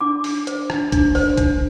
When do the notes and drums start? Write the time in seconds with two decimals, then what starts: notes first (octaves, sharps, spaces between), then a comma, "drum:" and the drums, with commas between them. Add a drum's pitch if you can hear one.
0.01 D4 D6
0.24 D4, drum: open hi-hat
0.47 C5, drum: hi-hat
0.70 D4, drum: rim click
0.92 D4, drum: kick A#1, hi-hat
1.15 C5, drum: open hi-hat
1.37 D4, drum: kick A#1, hi-hat